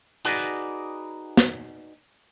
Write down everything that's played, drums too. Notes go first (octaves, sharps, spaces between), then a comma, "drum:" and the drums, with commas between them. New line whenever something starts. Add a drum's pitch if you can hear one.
D#4 F#4 G#4 B4 D5, drum: hi-hat
drum: snare